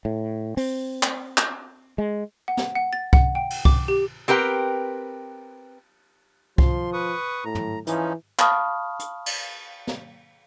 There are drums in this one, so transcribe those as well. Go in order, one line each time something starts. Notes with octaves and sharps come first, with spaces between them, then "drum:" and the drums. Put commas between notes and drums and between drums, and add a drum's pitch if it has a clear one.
A2
C4, drum: open hi-hat
drum: clap
drum: clap
G#3
F#5
drum: snare
F#5
A6
F#5, drum: kick C2
G5
drum: cymbal
D6, drum: kick C2
G4
C4 G4 A#4 B4 G5
F3 C6, drum: kick C2
B4 C#6 D#6
A2 A#5
drum: tom
E3 F3 C#4 D#4, drum: hi-hat
F5 A5 B5 C#6 D#6 F6, drum: clap
drum: hi-hat
drum: cymbal
drum: snare